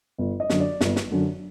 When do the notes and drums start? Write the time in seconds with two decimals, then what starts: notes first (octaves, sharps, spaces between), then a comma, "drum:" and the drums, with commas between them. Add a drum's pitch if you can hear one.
0.18 G1
0.40 D#5
0.50 F#2 D3, drum: snare
0.60 D5
0.81 G1, drum: snare
0.96 drum: snare
1.11 F#2 D3